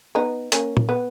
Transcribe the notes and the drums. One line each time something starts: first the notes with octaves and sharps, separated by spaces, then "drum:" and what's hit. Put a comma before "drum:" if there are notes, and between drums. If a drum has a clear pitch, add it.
B3 D#4
A#3 C#4, drum: hi-hat
drum: tom
B3